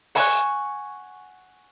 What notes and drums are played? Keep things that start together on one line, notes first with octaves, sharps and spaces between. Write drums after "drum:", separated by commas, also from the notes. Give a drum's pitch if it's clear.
F#5 G#5 C#6 F#6, drum: open hi-hat